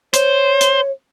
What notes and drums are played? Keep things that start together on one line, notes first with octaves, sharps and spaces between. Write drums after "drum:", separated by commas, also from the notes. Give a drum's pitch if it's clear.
C5 C#5, drum: hi-hat
drum: hi-hat